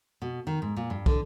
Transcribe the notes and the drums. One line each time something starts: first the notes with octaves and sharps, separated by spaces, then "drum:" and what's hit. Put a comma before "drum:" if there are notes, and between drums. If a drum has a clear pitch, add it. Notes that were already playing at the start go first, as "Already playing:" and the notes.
B2
D#3
G#2
A#2
G2
D3, drum: kick